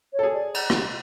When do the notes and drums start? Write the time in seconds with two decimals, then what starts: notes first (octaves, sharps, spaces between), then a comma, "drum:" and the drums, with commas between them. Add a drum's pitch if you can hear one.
0.13 C#5
0.19 A4
0.23 G#4
0.34 D5
0.54 drum: cymbal
0.70 drum: rim click